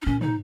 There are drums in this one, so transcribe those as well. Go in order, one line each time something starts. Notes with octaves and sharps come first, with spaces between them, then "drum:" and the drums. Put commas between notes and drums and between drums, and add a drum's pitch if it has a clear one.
D#4
A#2 C#4
D#4, drum: tom